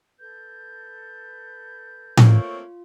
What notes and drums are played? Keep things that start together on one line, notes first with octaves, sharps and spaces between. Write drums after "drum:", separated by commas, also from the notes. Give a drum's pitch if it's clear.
A4 B4 G6
A3 A#3 C4 F4 C#5, drum: tom A2